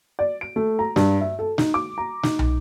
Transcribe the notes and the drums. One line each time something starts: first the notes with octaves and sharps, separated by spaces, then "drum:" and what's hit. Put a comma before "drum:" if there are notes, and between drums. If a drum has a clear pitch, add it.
D5
D7
A3
A#5
G2, drum: snare
E5
A4
D#4, drum: snare
D6
A#5
D#4, drum: snare
drum: tom